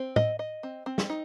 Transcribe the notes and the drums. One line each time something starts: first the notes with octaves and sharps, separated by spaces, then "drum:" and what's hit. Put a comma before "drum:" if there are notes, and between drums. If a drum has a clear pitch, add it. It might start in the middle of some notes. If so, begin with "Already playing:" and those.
Already playing: C4
D#5, drum: tom
D#5
C4
C4
drum: snare
D#4